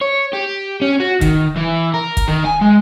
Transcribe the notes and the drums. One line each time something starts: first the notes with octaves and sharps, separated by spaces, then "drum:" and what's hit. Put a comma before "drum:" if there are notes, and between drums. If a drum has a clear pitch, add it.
C#5
G4
C#4
F#4
D#3, drum: kick, hi-hat
E3
A#4
drum: kick, hi-hat
D#3
G#5
G#3